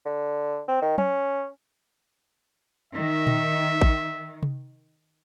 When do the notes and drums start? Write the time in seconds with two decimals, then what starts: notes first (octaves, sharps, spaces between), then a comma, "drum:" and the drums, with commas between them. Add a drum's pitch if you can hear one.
0.05 D3
0.68 C4
0.82 D#3
0.98 C#4, drum: tom
2.94 D#3 E5
3.27 drum: tom A#2
3.81 drum: kick A1
4.43 drum: tom C3